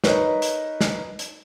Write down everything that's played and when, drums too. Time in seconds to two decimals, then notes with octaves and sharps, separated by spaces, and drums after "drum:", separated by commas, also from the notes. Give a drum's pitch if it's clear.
0.04 D#4 A#4 B4 C#5, drum: snare
0.42 drum: hi-hat
0.81 drum: snare
1.19 drum: hi-hat